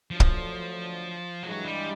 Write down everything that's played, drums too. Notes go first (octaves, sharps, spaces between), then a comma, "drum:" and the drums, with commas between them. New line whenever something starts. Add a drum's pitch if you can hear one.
D2 D3 F3 F#3
drum: kick
G2 E3 F#3 G#3
G3